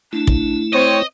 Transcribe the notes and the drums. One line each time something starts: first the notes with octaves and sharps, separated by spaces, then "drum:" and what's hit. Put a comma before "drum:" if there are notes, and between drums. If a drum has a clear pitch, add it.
A3 D4 E4
drum: kick
C4 C5 C#5 D#5